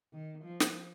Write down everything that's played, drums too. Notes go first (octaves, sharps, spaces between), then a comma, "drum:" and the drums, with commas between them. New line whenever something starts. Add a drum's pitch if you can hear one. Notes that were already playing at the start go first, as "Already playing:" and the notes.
D#3
F3
drum: snare